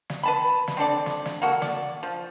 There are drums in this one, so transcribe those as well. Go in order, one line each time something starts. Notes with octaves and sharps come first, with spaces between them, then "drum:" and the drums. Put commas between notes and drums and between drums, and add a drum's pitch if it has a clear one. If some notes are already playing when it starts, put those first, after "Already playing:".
drum: snare
B4 A5 B5
drum: snare
C4 D4 A4 D5
drum: snare
drum: snare
A#3 F#4 A4
D5, drum: snare
F3